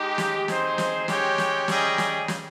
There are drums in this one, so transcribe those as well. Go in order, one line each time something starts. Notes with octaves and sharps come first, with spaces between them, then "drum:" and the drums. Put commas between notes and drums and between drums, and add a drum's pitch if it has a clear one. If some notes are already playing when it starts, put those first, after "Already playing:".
Already playing: G#3 D#4 G4
drum: snare
C4 D#4 G#4 C5, drum: snare
drum: snare
G#3 C#4 G4 C#5 G5, drum: snare
drum: snare
G3 C#4 G#4 D#5 G5, drum: snare
drum: snare
drum: snare